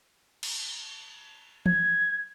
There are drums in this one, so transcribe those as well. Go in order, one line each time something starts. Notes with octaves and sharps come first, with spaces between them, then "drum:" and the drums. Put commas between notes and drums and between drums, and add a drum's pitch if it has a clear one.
drum: cymbal
G#6, drum: tom E3